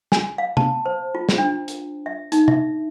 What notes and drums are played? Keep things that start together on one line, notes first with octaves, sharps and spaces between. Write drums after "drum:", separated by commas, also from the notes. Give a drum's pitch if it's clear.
G#5, drum: snare
F5
A5, drum: tom C3
C5
F4
drum: snare
D4
drum: hi-hat
E5
D#4, drum: hi-hat
E5, drum: tom